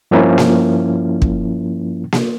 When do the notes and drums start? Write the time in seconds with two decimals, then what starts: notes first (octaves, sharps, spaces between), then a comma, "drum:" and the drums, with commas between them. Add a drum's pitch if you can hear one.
0.11 G2 F3 A#3 C#4 E4
0.38 drum: snare A#3
1.22 drum: kick
2.12 drum: snare A#3